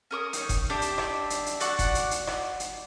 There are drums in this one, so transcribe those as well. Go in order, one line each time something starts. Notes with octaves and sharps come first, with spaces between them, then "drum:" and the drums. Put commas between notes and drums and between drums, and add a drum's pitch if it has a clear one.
C#4 A#4 C#6 D#6
D#4 C#5, drum: hi-hat
drum: kick F#1, hi-hat
D4 G4 E5 G5
drum: hi-hat
drum: rim click
drum: hi-hat
drum: hi-hat
F#4 D5 F#5 C#6, drum: hi-hat
drum: kick F#1, hi-hat
drum: hi-hat
drum: hi-hat
drum: rim click
drum: hi-hat